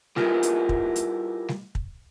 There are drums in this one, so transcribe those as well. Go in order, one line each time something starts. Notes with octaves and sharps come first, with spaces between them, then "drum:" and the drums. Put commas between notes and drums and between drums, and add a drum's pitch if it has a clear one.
G3 E4 F4 G#4 A#4 B4, drum: snare G3
drum: hi-hat
drum: kick
drum: hi-hat
drum: snare G3
drum: kick